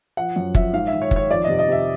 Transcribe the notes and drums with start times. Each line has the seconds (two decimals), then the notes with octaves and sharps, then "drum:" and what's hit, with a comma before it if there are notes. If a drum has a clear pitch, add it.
0.17 F3 F#5
0.36 F#2
0.55 F3 E5, drum: kick F#1
0.73 G#2 F5
0.87 E5
0.93 D#3
1.02 C#5
1.11 D#3, drum: kick F#1
1.16 C#5
1.30 F2 D5
1.44 C3 D#5
1.59 D#5
1.68 C3 E5